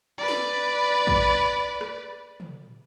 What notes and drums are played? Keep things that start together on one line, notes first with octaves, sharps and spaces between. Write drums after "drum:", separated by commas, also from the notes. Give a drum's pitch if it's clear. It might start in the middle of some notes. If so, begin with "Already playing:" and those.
B4 D5
drum: snare
drum: kick A#1
drum: rim click
drum: tom